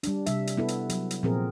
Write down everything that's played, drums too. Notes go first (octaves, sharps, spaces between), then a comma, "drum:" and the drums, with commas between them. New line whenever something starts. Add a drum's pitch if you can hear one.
G3 D4, drum: hi-hat
C3 G3 E5, drum: hi-hat
drum: hi-hat
B3 E4 A4
drum: hi-hat
F#3, drum: hi-hat
drum: hi-hat
A#2 F3 C4 G#4 A#4